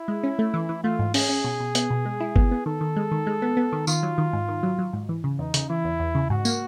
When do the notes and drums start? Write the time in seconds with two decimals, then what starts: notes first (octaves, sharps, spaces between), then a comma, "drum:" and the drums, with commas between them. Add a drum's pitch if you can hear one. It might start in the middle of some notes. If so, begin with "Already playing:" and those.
Already playing: E4
0.08 G#3
0.24 C#4
0.39 A3
0.54 E3
0.69 E3
0.84 A3 F4
0.99 G#2
1.14 C#4 G#4, drum: open hi-hat
1.29 C#4
1.44 B2
1.60 B2
1.75 B3, drum: hi-hat
1.90 B2
2.05 G#3
2.20 E4
2.36 B3, drum: kick G1
2.51 B3
2.66 D#3 A4
2.81 D#3
2.96 G#3
3.11 D#3
3.27 G#3
3.42 B3
3.57 B3
3.72 D#3
3.87 D#3 F4, drum: tambourine
4.03 F#3
4.18 D#3
4.33 G#2
4.48 D#3
4.63 F#3
4.78 F#3
4.93 G#2
5.09 E3
5.24 C#3
5.39 E2 D#4
5.54 C#3, drum: hi-hat
5.69 E3 E4
5.84 E2
6.00 E2
6.15 C#3
6.30 G#2 F#4
6.45 A#3, drum: tambourine